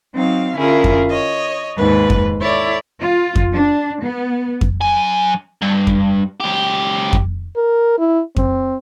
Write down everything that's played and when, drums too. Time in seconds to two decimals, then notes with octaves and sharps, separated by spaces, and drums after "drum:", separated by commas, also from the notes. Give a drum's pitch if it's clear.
0.13 F#3 C4 D#4 F5
0.58 D3 C#4 E4 F4 G#4 A#4
0.84 drum: kick F2
1.10 C#5 D#5
1.77 D#2 G#2 B4
2.10 drum: kick F2
2.41 E4 A4 C#5 D5
3.00 F4
3.35 drum: kick F2
3.55 D4
4.02 B3
4.61 drum: kick F2
4.81 F#2 G#5
5.62 G2
5.87 drum: kick F2
6.41 C#2 G4
7.13 drum: kick F2
7.56 A#4
7.98 E4
8.36 C4, drum: kick F2